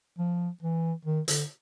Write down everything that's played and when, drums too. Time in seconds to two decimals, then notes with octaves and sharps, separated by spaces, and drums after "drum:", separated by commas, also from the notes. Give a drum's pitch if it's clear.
0.19 F3
0.62 E3
1.05 D#3
1.28 D3, drum: hi-hat